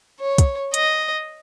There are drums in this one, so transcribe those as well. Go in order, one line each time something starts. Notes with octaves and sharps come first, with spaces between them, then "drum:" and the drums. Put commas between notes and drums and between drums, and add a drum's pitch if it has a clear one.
C#5
drum: kick, hi-hat
D#5, drum: hi-hat